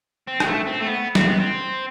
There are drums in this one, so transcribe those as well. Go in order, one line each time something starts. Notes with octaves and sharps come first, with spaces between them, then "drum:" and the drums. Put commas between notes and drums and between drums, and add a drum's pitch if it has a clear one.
C4
G#3, drum: rim click
A3
C4
A3
B3
C4, drum: snare
B3
C4